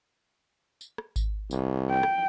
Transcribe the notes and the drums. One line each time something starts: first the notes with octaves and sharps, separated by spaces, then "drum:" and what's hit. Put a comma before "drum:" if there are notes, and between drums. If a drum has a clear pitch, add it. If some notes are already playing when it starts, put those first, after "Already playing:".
drum: tambourine
drum: rim click
drum: kick G#1, tambourine
C2, drum: tambourine
G5
drum: rim click